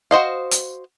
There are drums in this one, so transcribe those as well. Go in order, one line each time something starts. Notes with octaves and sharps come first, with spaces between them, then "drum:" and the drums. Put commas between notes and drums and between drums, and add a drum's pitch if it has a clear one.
F#4 C5 D#5 F5
drum: hi-hat